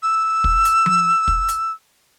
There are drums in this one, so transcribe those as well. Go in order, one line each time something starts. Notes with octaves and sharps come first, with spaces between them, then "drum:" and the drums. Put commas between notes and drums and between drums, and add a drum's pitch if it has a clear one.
E6
drum: kick
drum: hi-hat
drum: tom F3
drum: kick
drum: hi-hat